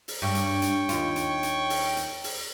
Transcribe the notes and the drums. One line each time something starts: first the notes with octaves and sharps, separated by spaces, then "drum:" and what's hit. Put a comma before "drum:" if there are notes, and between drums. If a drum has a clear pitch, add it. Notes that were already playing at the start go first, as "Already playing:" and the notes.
drum: open hi-hat
G2 C#5 G5 C#6
drum: hi-hat
drum: hi-hat
D#2 F4, drum: hi-hat
drum: hi-hat
drum: hi-hat
drum: open hi-hat
drum: hi-hat
drum: open hi-hat